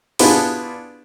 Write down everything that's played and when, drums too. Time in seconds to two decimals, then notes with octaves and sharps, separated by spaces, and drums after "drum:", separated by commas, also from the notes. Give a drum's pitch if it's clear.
0.19 B3 D4 E4 F4 G4 G#4, drum: open hi-hat